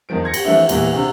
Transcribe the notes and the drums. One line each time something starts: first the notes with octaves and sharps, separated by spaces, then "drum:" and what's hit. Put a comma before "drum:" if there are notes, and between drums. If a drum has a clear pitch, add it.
E2 D#3 F3 D7
C6 G#6 A#6 C#7
drum: cymbal
E3 F3 A3 C4 D4 E4
E2 A#2 E3, drum: cymbal
C3 D4